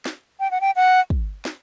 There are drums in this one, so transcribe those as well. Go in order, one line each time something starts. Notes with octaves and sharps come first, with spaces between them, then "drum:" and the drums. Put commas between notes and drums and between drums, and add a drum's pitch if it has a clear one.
drum: snare
G5
F#5
G5
F#5
drum: kick
drum: snare